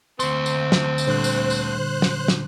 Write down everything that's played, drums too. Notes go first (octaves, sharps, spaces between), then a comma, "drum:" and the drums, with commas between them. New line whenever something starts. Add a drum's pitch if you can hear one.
D2 C4 C6, drum: tambourine
drum: tambourine
drum: snare
drum: tambourine
A#2 D3 G3 C5 F#6
drum: tambourine
drum: tambourine
drum: snare
drum: snare